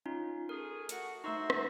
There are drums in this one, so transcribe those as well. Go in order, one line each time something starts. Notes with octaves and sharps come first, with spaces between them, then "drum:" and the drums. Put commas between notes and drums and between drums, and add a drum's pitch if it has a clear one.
C#4 D#4 F4
A3 G#4 A#4
A3 F#4, drum: hi-hat
A3 D#4 F#4 C5 E5
drum: rim click